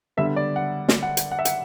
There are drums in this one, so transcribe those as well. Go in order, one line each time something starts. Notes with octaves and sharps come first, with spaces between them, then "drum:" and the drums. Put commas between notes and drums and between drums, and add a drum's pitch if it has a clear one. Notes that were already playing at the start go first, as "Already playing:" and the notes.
D3 G3 B3 E5
D5
F#5
drum: snare
F#5
drum: hi-hat
F#5
E5
F#5, drum: hi-hat